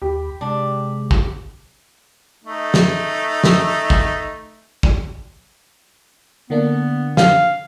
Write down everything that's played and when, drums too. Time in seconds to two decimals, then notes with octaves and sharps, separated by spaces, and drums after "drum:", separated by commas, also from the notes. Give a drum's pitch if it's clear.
0.02 D#2 G4 B5
0.41 C3 G#3 D4
1.11 drum: kick
2.44 A3 D#4
2.74 drum: snare
3.44 drum: snare
3.90 drum: kick
4.83 drum: kick
6.50 D3 A#3 B3 D4
7.17 F5, drum: snare